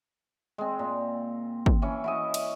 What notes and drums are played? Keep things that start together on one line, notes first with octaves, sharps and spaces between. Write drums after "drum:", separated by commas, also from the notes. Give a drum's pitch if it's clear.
G#3 C4
A#2
drum: kick
E3 C#4
E4 F#4 D#5
drum: cymbal